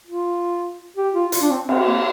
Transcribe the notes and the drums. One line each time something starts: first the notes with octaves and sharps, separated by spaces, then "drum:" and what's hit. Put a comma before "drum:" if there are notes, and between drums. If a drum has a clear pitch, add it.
F4
G4
F4
F4, drum: hi-hat
D4
C4
C4, drum: cymbal
A#3